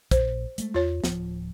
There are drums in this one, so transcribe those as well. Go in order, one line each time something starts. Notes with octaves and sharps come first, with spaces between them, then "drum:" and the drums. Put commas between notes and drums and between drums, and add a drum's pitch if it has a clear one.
A#1 C5, drum: kick, hi-hat
G#3 A3, drum: hi-hat
E2 F4 C#5
D1 F3, drum: snare